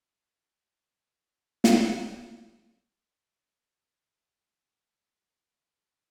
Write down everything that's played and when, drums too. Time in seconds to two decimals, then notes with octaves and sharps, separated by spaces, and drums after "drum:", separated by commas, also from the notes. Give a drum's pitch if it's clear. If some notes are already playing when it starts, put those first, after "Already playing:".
0.17 C6
1.64 drum: snare
2.52 D#2 A2 F#3
2.74 F#2 D#3 E3
3.43 C#2 F3 A3 A#3
3.89 D2 A#2 D3 G#3
5.19 D#4 C#5 D5 A5